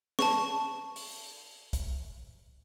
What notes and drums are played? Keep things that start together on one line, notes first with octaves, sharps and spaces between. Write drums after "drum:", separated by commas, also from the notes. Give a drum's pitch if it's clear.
A5 C#6, drum: snare
drum: open hi-hat
drum: kick, hi-hat